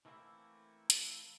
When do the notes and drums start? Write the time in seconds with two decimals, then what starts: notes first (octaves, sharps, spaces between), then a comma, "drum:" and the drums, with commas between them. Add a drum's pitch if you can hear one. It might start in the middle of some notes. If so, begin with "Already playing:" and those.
0.05 E3 A3 A#3 C4 E4
0.90 drum: hi-hat